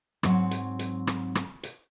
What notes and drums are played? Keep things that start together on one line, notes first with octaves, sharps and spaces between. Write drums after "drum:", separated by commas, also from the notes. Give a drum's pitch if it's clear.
G#2 F#3 C4 C#5, drum: rim click
drum: hi-hat
drum: hi-hat
drum: rim click
drum: rim click
drum: hi-hat